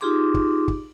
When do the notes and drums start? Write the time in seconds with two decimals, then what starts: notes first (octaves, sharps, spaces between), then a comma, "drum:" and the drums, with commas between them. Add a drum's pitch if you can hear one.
0.01 D#4 F4 G4 G#4 C6 D6
0.34 drum: kick
0.68 drum: kick